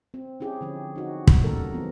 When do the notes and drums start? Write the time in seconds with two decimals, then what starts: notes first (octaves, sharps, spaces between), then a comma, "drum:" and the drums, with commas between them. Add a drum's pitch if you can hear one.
0.14 C4
0.40 C#4 E4 G4 G#4
0.61 D3 F3 C#4
0.96 D#4 F#4
1.27 drum: kick
1.44 C#3 G3 A#3 A4 A#4
1.74 E3 F#3 B3 C4 F4